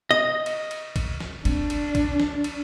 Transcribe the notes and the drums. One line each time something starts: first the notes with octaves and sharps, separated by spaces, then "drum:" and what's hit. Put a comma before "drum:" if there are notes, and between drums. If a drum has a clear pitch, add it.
D#5
drum: cymbal
drum: cymbal
drum: kick A#1, cymbal
drum: snare
C4 D4, drum: cymbal
drum: cymbal
drum: kick A#1, cymbal
drum: snare
drum: cymbal